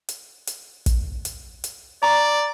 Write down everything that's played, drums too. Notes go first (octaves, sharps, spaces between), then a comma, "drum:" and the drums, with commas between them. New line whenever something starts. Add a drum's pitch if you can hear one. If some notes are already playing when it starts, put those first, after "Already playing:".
drum: hi-hat
drum: hi-hat
drum: kick, hi-hat
drum: hi-hat
drum: hi-hat
D5 A#5 C#6 D6